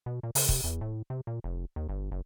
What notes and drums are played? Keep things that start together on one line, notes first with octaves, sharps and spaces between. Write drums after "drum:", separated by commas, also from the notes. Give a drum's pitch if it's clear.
B2
A#2
C#3, drum: open hi-hat
C3, drum: kick
E2
A2
C3
A#2
F1
D#2
G1
F#1